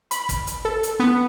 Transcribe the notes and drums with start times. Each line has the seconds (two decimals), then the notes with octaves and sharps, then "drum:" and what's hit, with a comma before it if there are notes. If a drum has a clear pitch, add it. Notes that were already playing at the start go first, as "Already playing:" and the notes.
0.11 B5, drum: hi-hat
0.29 drum: kick, hi-hat
0.47 drum: hi-hat
0.65 A4
0.83 drum: hi-hat
1.00 B3